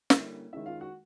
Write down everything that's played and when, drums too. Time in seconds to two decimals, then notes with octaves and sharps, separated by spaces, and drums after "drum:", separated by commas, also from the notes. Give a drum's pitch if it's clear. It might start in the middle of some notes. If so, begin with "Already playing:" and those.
0.10 D3 G3 A#3 C#4 E4, drum: snare
0.52 D#3 G#3 C#4 E4 E5
0.66 F4 F5
0.80 F#4 F#5